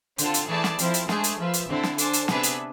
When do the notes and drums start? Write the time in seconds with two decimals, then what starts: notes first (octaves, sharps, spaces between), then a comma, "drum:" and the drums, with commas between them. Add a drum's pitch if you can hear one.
0.18 D3 C4 F4 A4, drum: hi-hat
0.34 drum: hi-hat
0.48 E3 A3 E4 G#4 D5 A5
0.64 drum: snare
0.79 F3 C4 E4 A4, drum: hi-hat
0.94 drum: hi-hat
1.09 G#3 A3 D4 G#4 C5 G#5, drum: snare
1.24 drum: hi-hat
1.38 F3 F4 B4 E5
1.54 drum: hi-hat
1.68 D3 C4 E4 A4
1.83 drum: snare
1.98 D4 A4 C5 G#5, drum: hi-hat
2.13 drum: hi-hat
2.28 C3 B3 D4 G#4 B4 E5, drum: snare
2.43 drum: hi-hat